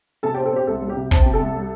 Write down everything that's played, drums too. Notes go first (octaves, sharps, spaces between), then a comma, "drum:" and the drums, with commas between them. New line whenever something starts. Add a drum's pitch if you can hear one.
C3 A4 A5
G4 G5
C4
A4
C4 G4
C2 A4
G3
G4
C3
C4 A5, drum: kick
C3 G5
A4 A5
C2
G3